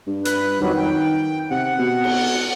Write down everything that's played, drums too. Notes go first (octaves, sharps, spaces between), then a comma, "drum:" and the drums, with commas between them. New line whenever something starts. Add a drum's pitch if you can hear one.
G2
B4 F#6, drum: hi-hat
F2 D#3 F#3 G3
G5
C3 F#5
B2
drum: cymbal